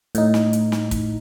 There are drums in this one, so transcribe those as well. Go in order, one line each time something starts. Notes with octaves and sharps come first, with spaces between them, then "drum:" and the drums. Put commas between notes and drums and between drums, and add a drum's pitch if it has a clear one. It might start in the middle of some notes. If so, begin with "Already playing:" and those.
A2 D#4, drum: hi-hat
drum: snare
drum: hi-hat
drum: snare
drum: kick, hi-hat